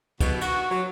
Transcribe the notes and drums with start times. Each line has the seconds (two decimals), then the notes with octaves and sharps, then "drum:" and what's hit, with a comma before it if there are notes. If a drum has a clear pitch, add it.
0.21 B2, drum: kick, cymbal
0.41 F#4, drum: cymbal
0.71 F#3